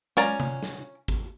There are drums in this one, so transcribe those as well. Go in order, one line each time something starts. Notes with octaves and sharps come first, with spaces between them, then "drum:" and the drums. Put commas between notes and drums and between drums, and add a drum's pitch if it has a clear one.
C#4 F4 D5 A#5, drum: tom
drum: tom C3
drum: snare
drum: kick, hi-hat